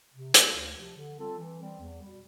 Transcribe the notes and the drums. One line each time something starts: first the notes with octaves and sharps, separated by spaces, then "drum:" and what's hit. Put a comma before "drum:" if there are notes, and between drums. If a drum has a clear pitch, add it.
C3
G3 D4 F4 A4, drum: hi-hat
D2
C3 F3
D3
G3 C4 F4 A4
E3
G3 C4
E2
B2 G3